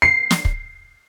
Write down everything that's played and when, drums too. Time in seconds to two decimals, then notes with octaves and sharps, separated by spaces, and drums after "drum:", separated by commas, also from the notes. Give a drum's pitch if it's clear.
0.02 C7
0.31 drum: snare
0.45 drum: kick